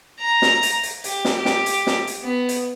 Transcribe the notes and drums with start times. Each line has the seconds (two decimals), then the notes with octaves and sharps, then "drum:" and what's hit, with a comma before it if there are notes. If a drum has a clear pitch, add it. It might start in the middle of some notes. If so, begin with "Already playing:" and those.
0.20 A#5
0.42 drum: snare
0.63 drum: hi-hat
0.83 drum: hi-hat
1.04 G4, drum: hi-hat
1.25 drum: snare
1.36 G4
1.45 drum: snare
1.66 drum: hi-hat
1.87 drum: snare
2.07 drum: hi-hat
2.22 B3
2.49 drum: hi-hat